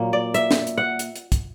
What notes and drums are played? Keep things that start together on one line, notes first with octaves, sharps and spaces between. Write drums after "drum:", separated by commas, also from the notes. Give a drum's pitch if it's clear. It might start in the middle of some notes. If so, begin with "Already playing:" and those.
Already playing: A#2 F#3 A#3
D5
E5, drum: hi-hat
drum: snare
drum: hi-hat
F#5
drum: hi-hat
drum: hi-hat
drum: kick, hi-hat